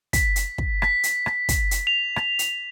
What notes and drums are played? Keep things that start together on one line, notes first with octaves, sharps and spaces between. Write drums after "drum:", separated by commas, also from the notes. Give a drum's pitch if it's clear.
B6, drum: kick, hi-hat
drum: hi-hat
drum: kick
B6, drum: rim click
drum: hi-hat
drum: rim click
drum: kick, hi-hat
drum: hi-hat
F7
drum: rim click
drum: hi-hat